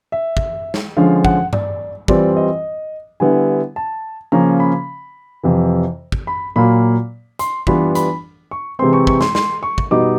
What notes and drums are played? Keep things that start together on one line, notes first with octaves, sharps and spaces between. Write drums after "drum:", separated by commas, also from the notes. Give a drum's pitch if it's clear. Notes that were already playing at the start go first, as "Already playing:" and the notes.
E5
drum: kick
drum: snare
D3 F3 G#3 C#4 F5
F#5, drum: kick
D5, drum: tom G2
E3 G3 C4 F4 D5, drum: kick
D#5
D3 G3 B3 E4 G#5
A5
C#3 F3 A#3 C#4 A#5
B5
F2 C3 E3
drum: kick
B5
A#2 F#3 A#3 B5
C6, drum: hi-hat
E3 G3 B3 D4 F4 B5, drum: kick
B5, drum: hi-hat
C#6
C3 E3 G#3 C4 C6
C#6
C#6, drum: kick
C6, drum: snare
C6, drum: snare
C#6
drum: kick
B2 G3 B3 D#4 D6